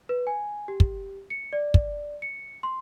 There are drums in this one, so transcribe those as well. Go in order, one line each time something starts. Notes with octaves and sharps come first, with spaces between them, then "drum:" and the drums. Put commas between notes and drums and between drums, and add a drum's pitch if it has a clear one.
B4
G#5
G4
drum: kick
C#7
D5
drum: kick
C#7
C6